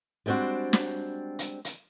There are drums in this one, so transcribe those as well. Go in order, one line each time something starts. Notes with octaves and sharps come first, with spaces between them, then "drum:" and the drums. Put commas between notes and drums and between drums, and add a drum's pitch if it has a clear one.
G3 G#3 C4 D4 F#4
drum: snare
drum: hi-hat
drum: hi-hat